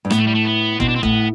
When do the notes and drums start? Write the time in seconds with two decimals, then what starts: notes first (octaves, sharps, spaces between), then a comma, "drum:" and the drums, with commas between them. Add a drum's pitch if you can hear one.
0.05 G2
0.10 A2 B3, drum: rim click
0.19 A3
0.27 G3
0.35 A3
0.45 B3
0.80 B2 C4, drum: kick
0.88 D4
0.95 C4
1.03 A2 B3, drum: kick